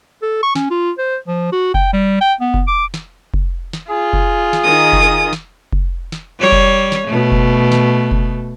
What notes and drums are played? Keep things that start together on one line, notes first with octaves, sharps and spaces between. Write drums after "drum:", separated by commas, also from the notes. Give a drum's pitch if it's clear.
A4
C#6
C#4, drum: snare
F4
C5
F3
F#4
G5, drum: kick F1
G3
G5
B3
drum: kick F1
D6
drum: snare
drum: kick F1
drum: snare
F4 G#4
drum: kick F1
drum: snare
D#3 D#6
drum: kick F1
drum: snare
drum: kick F1
drum: snare
G3 C#5
drum: kick F1
drum: snare
B2 A3
drum: kick F1
drum: snare
drum: kick F1